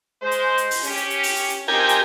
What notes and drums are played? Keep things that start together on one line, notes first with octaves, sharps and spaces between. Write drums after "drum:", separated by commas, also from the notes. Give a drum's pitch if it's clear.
G#3 C5
drum: hi-hat
drum: hi-hat
drum: open hi-hat
C#4 G4, drum: hi-hat
drum: hi-hat
drum: hi-hat
drum: open hi-hat
drum: hi-hat
drum: hi-hat
F3 C4 D#4 G4 A#4 G#5
drum: hi-hat